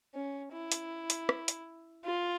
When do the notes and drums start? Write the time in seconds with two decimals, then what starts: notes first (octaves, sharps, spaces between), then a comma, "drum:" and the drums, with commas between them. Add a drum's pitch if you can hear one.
0.15 C#4
0.53 E4
0.72 drum: hi-hat
1.10 drum: hi-hat
1.29 drum: rim click
1.48 drum: hi-hat
2.05 F4